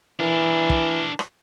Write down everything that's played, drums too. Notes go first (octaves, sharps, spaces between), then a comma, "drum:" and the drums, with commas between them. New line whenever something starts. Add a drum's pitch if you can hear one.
E3 D4 A#4
drum: kick
drum: rim click